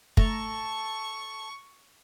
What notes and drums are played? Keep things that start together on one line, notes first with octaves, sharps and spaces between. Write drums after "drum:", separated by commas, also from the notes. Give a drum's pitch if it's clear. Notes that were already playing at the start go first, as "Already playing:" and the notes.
A3 A4 A#5 C#6, drum: kick